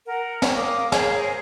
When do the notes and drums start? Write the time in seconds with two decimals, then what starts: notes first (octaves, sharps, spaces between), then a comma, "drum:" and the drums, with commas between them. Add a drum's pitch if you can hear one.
0.07 A#4 F#5
0.42 drum: snare
0.56 A#4 F5 D6 D#6
0.92 G#4 A#4 C5 C#5, drum: snare